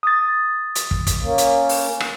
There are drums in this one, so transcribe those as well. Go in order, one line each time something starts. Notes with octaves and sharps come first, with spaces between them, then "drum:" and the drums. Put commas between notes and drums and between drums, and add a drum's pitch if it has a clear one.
D#6 A6
drum: hi-hat
drum: kick
drum: kick, hi-hat
A#3 C#4
drum: hi-hat
drum: open hi-hat
drum: rim click